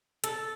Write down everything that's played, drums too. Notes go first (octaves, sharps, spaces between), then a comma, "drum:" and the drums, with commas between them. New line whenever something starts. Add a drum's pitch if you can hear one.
A4, drum: hi-hat